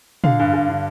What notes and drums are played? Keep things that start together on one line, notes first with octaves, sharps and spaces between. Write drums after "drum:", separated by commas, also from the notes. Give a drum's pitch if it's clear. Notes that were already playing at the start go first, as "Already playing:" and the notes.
D3 F5, drum: tom
G2
G2
D3